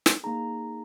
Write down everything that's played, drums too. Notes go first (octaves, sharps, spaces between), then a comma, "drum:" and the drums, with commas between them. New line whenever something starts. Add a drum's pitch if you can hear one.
drum: snare
A#3 D#4 G#4 A#5